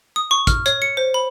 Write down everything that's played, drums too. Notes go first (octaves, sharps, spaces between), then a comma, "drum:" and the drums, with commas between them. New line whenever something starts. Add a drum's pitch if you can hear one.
D#6
C#6
F6, drum: kick, hi-hat
C#5, drum: hi-hat
C#7
C5
B5